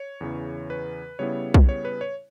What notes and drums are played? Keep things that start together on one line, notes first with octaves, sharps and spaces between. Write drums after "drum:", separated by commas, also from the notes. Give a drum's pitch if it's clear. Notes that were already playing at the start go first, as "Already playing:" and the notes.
Already playing: C#5
E2 C#3 E3
B4
C#3 G3 B3 E4 C#5
drum: kick B1
C#5
B4
C#5